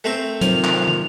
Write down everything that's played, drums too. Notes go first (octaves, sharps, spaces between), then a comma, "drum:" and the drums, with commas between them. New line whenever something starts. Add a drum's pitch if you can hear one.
A3 C4 A#4
C3 D#3 F3 F#3 F7, drum: hi-hat
drum: clap
drum: tom